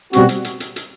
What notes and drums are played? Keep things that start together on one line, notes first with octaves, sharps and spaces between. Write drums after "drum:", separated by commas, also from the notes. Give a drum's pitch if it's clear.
B2 G3 C4 F#4, drum: hi-hat
drum: hi-hat
drum: hi-hat
drum: hi-hat
drum: hi-hat